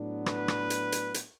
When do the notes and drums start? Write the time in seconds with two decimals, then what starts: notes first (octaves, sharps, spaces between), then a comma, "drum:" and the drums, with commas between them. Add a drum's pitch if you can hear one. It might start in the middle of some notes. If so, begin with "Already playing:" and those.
Already playing: A2 F#3 B3 D4
0.26 B4, drum: rim click
0.48 drum: rim click
0.70 drum: hi-hat
0.92 drum: hi-hat
1.14 drum: hi-hat